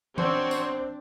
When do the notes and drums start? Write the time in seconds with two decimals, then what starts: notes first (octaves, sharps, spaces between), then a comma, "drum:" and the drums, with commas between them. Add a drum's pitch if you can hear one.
0.18 C4 D4 F#4 C5 C#5, drum: tom E3
0.51 drum: tambourine